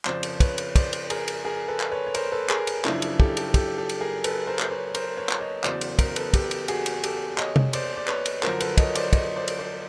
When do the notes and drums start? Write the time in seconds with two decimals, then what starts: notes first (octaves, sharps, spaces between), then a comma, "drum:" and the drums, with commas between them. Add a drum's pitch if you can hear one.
0.05 F2 C#3 F3 C5 D5, drum: clap
0.23 drum: cymbal
0.40 B4 C#5, drum: kick, cymbal
0.58 drum: cymbal
0.76 C5 D5, drum: kick, cymbal
0.93 drum: cymbal
1.10 G#4 A#4, drum: cymbal
1.28 drum: cymbal
1.45 G#4 A#4
1.68 A4 B4
1.80 drum: clap
1.91 B4 C#5
2.07 C#5
2.14 A#4 C5, drum: cymbal
2.32 A4 B4
2.50 G#4 A#4, drum: clap
2.67 drum: cymbal
2.85 F#2 C#3 F3 D4 E4, drum: clap
3.02 drum: cymbal
3.20 G4 A4, drum: kick
3.37 G4 A4, drum: cymbal
3.54 G4 A4, drum: kick, cymbal
3.78 G4 A4
3.89 drum: cymbal
4.01 G#4 A#4
4.24 A4 B4, drum: cymbal
4.47 A#4 C5
4.59 drum: clap
4.71 B4 C#5
4.95 A#4 C5, drum: cymbal
5.17 B4 C#5
5.29 drum: clap
5.40 C#5 D#5
5.64 E2 C#3 F#3 C5 D5, drum: clap
5.81 drum: cymbal
5.99 A#4 C5, drum: kick, cymbal
6.16 A4 B4, drum: cymbal
6.34 G4 A4, drum: kick, cymbal
6.51 drum: cymbal
6.68 F#4 G#4, drum: cymbal
6.86 drum: cymbal
7.04 G4 A4, drum: cymbal
7.38 C#5 D#5, drum: clap
7.56 drum: tom C3
7.73 C5 D5, drum: cymbal
7.96 D5
8.08 B4 C#5, drum: clap
8.26 drum: cymbal
8.43 F#2 D3 F3 A#4 C5, drum: clap
8.61 A4 B4, drum: cymbal
8.78 C#5 D#5, drum: kick, cymbal
8.95 C5 D5, drum: cymbal
9.13 C#5 D#5, drum: kick, cymbal
9.36 C5 D5
9.48 drum: cymbal
9.59 C5 D5